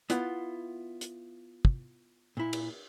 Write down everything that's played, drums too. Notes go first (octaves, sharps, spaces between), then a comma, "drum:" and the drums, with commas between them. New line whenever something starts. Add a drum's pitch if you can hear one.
B3 E4 F4 F#5, drum: hi-hat
drum: hi-hat
drum: kick
A#2 E4
drum: cymbal